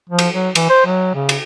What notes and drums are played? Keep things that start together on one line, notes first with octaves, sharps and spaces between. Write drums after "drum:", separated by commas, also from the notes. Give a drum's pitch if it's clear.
F3
drum: cymbal
F#3
E3, drum: cymbal
C5
F#3
C#3
drum: cymbal